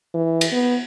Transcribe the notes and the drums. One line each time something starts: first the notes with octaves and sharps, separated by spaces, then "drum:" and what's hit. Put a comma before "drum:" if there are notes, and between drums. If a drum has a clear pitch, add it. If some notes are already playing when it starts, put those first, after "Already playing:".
E3
drum: cymbal
B3